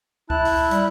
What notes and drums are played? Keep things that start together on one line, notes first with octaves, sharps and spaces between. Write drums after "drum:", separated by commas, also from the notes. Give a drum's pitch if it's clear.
E4 A5 F#6, drum: kick C#2
drum: open hi-hat
G3, drum: hi-hat